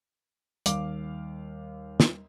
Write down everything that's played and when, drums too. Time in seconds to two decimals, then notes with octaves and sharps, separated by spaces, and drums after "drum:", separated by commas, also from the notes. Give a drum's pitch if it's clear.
0.66 D#2 G3 F5 D6, drum: hi-hat
2.00 drum: snare